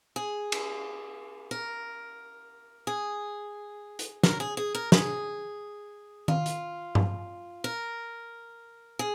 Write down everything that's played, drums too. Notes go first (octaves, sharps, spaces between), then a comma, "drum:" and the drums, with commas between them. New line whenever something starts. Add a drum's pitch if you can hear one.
G#4
drum: cymbal
A#4
G#4
drum: hi-hat
A#4, drum: snare
G#4
G#4
A#4
G#4, drum: snare
F4, drum: tom D#3
drum: hi-hat
drum: tom G2
A#4
G#4